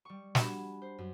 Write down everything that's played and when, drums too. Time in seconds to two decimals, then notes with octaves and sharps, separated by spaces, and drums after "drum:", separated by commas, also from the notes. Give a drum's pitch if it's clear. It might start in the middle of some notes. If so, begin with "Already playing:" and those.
0.05 G3 C#6
0.35 D4 F#4 G4 G#5 B5 E7, drum: snare
0.82 C5
0.98 F#2